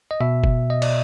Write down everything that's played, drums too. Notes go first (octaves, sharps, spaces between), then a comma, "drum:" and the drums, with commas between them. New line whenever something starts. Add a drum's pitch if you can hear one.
D#5
B2 E5
drum: kick G1
D#5
D5, drum: cymbal